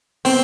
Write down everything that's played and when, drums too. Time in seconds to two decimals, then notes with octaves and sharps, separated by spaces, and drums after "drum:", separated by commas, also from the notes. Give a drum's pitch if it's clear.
0.25 B3 C4, drum: open hi-hat